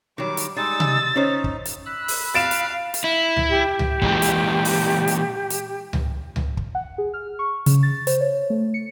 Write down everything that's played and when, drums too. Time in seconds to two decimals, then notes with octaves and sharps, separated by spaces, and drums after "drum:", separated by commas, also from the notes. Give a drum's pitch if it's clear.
0.18 D#3 F#3 G3 D6
0.37 drum: hi-hat
0.57 G3 G#3 D#4 E6 A6
0.80 drum: tom C3
1.16 C#4 D#4 C5
1.44 drum: kick
1.65 drum: hi-hat
1.86 B5 E6 F#6
2.08 drum: open hi-hat
2.35 F5 A6 D7 E7
2.51 drum: hi-hat
2.94 drum: hi-hat
3.04 E4
3.37 drum: tom C#2
3.50 G4
3.79 drum: tom C#2
4.02 A#2 E3 G#3, drum: kick
4.22 drum: hi-hat
4.65 drum: open hi-hat
5.08 drum: hi-hat
5.50 drum: hi-hat
5.93 drum: tom C#2
6.36 drum: tom C#2
6.57 drum: kick
6.75 F#5
6.98 G#4
7.14 F6
7.39 C#6
7.66 C#3, drum: hi-hat
7.83 A6
8.07 C5, drum: hi-hat
8.21 C#5
8.50 A3
8.74 C#7